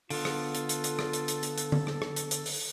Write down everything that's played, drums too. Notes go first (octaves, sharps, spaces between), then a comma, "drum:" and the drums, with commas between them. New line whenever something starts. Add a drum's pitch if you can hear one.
D3 B3 F4 A4, drum: open hi-hat
drum: rim click
drum: hi-hat
drum: hi-hat
drum: hi-hat
drum: rim click
drum: hi-hat
drum: hi-hat
drum: hi-hat
drum: hi-hat
drum: tom D3
drum: rim click
drum: rim click
drum: hi-hat
drum: hi-hat
drum: open hi-hat